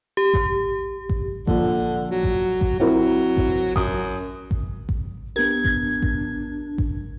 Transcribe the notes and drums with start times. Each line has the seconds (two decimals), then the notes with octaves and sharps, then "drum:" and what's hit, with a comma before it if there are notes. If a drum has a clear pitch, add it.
0.17 G4
0.34 drum: kick A1
1.09 drum: kick A1
1.47 A#1 D3, drum: kick A1
2.11 F#3
2.23 drum: kick A1
2.61 drum: kick A1
2.80 F#3 C4 E4 A#4
3.37 drum: kick A1
3.76 F#2 D#6, drum: kick A1
4.51 drum: kick A1
4.89 drum: kick A1
5.36 B3 D4 G4 A#4 G#6
5.65 drum: kick A1
6.02 drum: kick A1
6.78 drum: kick A1